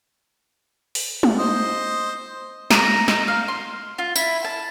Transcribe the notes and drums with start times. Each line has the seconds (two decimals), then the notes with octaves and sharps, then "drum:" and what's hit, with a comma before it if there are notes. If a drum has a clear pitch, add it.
0.95 drum: open hi-hat
1.23 drum: tom
1.39 C5 D#5
2.71 A#5, drum: snare
3.08 D#4, drum: snare
3.28 F5
3.48 C6
3.98 F4
4.16 E4, drum: tambourine
4.45 A5